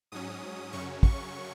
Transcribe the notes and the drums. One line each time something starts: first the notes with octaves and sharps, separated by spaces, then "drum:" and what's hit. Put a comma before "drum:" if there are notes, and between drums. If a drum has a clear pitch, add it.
G#2 F#3 C#4 D#6
F#2 C#3 F#3 C#4 C#6
C#6, drum: kick